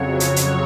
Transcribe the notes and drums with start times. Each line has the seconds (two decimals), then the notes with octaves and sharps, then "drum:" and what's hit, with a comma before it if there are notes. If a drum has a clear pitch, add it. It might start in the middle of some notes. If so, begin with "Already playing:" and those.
Already playing: F2 C#3 F#3 C#5
0.20 C#5, drum: hi-hat
0.36 drum: hi-hat